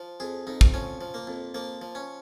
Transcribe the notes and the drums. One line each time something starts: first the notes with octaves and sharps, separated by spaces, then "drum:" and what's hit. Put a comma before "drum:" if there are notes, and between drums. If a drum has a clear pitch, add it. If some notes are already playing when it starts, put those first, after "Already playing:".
Already playing: F3
F2 G#4
F2 D#4
drum: kick
F3 C#4
F3
A#3
F2
F3 A#3
F3
C#4